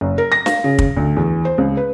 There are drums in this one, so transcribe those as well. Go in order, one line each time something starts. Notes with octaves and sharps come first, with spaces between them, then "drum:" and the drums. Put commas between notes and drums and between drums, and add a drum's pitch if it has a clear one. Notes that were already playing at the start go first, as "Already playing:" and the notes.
F#1
A#4
A#6
F5, drum: snare
C#3
drum: kick
D2
E2
C5
C#2
B4